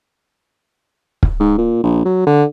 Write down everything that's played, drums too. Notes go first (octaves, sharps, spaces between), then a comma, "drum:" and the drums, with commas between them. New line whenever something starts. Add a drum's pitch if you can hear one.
drum: kick
G#2
A#2
A#1
F#3
D3